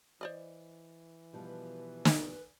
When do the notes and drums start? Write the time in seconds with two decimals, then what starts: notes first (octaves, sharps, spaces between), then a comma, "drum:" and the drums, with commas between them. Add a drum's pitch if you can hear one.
0.21 E3 C5 D5 D#5
1.33 B2 F3 G3 B4
2.05 drum: snare